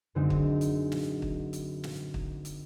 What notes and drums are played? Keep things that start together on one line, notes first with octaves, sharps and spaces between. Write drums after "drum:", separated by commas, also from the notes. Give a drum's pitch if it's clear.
F#2 D3 F#3 G#3 C4 D#4
drum: kick
drum: hi-hat
drum: snare
drum: kick
drum: hi-hat
drum: snare
drum: kick
drum: hi-hat